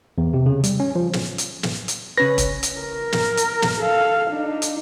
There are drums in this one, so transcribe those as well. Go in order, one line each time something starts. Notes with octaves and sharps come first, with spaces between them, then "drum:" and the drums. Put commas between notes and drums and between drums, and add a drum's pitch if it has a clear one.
E2
C3
C#3
G3, drum: hi-hat
C#4
F3
drum: snare
drum: hi-hat
drum: snare
drum: hi-hat
C#3 C#4 B4 A#6
drum: kick, hi-hat
drum: hi-hat
A#4
drum: snare
drum: hi-hat
drum: snare
A4 F5
D4 D#4
drum: hi-hat